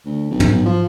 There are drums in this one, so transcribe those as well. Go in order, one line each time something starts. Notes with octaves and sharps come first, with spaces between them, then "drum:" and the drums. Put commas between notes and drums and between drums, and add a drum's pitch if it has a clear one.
D2
B1
drum: tom
F3